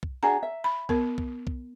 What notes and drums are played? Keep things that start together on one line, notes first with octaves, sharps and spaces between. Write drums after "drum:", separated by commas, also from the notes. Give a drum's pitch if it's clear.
drum: kick B1
D4 F#4 G#4 A#5
E5
B5
B3 A#4, drum: kick B1
drum: kick B1
drum: kick B1